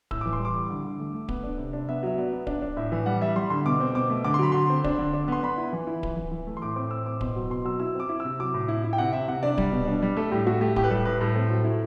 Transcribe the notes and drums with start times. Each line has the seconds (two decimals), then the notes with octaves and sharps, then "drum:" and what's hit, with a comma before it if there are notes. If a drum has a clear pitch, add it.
0.11 A2 E6, drum: kick D1
0.21 E3 D6
0.33 C6
0.39 G3
0.45 D6
0.55 G3
0.70 D3
0.85 D3
0.99 A3
1.14 A3
1.29 B3, drum: kick D1
1.44 D4
1.58 C3
1.73 D4
1.89 B3 E5
2.03 F#3 E5
2.18 B3 D5
2.33 B3
2.47 D4 D5, drum: kick D1
2.62 D4
2.77 A2 E5
2.92 E3
3.06 G3 F#5
3.21 G3 E5
3.36 G3 C6
3.50 D3 C6
3.66 B2 D6
3.80 C4
3.95 B2 D6
4.10 A3
4.24 D3 D6
4.34 C6
4.39 F#3 B5
4.52 D3 C6
4.70 C4
4.84 D4, drum: kick D1
4.99 D3
5.13 D4
5.28 B3 C6
5.43 B3 B5
5.57 E4
5.73 E3
5.87 E4
6.03 E3, drum: kick D1
6.17 E3
6.32 E3
6.47 A3
6.57 C6
6.62 A2 D6
6.76 C4 D6
6.91 A2 E6
7.06 C4 D6
7.21 B2 C6, drum: kick D1
7.36 F#3
7.50 B2 C6
7.65 F#3 E6
7.80 E4 E6
7.95 C4 D6
8.09 E4
8.20 C3 E6
8.40 F#3 D6
8.54 A2
8.68 E4
8.84 E4
8.93 G5
8.98 C3 F#5
9.13 C3 E5
9.28 C3 F#5
9.43 D4 D5
9.58 G3, drum: kick D1
9.72 B2
9.87 D4
10.02 G3
10.17 A3 A4
10.32 A2 G4
10.47 A3 F#4
10.61 A3 G4
10.76 A2 G4, drum: kick D1
10.84 B4
10.90 G3 A4
11.05 A2 B4
11.20 A2 A4
11.35 C4 A4
11.51 F#3
11.64 E4